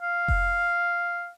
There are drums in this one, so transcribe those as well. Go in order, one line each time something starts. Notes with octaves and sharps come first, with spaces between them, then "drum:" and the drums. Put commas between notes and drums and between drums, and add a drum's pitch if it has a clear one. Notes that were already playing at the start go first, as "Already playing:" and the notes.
F5
drum: kick F1